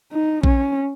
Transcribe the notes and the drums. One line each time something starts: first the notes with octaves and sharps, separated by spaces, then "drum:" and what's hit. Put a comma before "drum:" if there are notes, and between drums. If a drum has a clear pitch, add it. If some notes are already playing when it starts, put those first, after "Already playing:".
D#4
C#4, drum: kick A#1